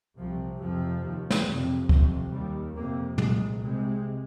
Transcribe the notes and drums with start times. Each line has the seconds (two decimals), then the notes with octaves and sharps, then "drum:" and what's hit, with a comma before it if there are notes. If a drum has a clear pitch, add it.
0.18 C2 C3 F3
0.61 F2 C3 F3
1.03 D#2
1.31 drum: snare
1.46 F2 C3
1.89 F2 C3, drum: kick C#2
2.32 D#2 G3
2.75 F2 C3 A#3
3.18 C2 A#2 G#3, drum: tom
3.60 C2 C3 G#3